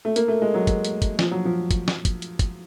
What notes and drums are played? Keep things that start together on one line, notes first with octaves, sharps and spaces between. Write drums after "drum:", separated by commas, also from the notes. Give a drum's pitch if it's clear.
A3
A#3, drum: hi-hat
A3
G#3
F#3
drum: kick, hi-hat
drum: hi-hat
drum: kick, hi-hat
F3, drum: snare
F#3
F3
drum: kick, hi-hat
drum: snare
drum: kick, hi-hat
drum: hi-hat
drum: kick, hi-hat